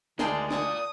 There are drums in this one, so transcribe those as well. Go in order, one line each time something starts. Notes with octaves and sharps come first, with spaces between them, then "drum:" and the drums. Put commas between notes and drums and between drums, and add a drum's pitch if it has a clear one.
D2 D#3 G#3 G#4 D5 G5 A5 C6, drum: snare D4
A#4 D5 D#6, drum: snare D4